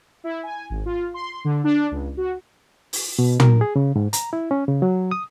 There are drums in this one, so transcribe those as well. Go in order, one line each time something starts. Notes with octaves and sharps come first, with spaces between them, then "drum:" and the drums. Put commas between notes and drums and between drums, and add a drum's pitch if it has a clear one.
E4
G#5
G#1
F4
C6
D3
D4
C#2
F#4
drum: open hi-hat
B2
A#4, drum: tom
G#4
C#3
G#2
A#5, drum: hi-hat
E4
C#4
C#3
F#3
D#6